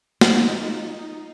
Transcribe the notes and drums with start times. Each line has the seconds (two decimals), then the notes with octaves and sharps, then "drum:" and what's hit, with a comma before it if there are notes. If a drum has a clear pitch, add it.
0.21 D#4 F4, drum: snare